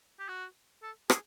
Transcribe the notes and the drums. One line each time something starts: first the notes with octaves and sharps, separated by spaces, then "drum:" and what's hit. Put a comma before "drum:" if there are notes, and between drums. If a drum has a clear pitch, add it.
G4
F#4
A4
G#4, drum: rim click